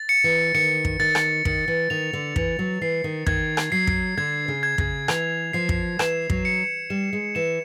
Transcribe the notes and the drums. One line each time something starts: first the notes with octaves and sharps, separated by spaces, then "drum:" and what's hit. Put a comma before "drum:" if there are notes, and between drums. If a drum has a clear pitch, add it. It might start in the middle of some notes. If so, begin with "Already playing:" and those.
Already playing: A6
C#7
E3
D#3 C#7
drum: kick
D#3 A6
drum: rim click
D#3 C#7, drum: kick
E3
D#3 F7
D3
E3 F7, drum: kick
F#3
E3 C7
D#3
D#3 G#6, drum: kick
drum: rim click
F#3 C7
drum: kick
D3 G#6
C#3
G#6
C#3, drum: kick
E3 F7, drum: rim click
F3 C7
drum: kick
E3 E7, drum: rim click
F#3, drum: kick
C#7
G3 E7
G#3
E3 E7